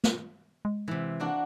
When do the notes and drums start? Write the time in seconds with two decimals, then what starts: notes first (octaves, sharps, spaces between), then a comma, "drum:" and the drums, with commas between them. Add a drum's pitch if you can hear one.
0.04 drum: snare
0.65 G#3
0.88 C3 E3
1.20 A#3 D4 F#4